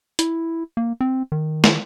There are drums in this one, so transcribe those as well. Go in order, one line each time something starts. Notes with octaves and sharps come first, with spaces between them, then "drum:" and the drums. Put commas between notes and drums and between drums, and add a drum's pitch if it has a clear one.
E4, drum: hi-hat
A#3
C4
D#3
drum: snare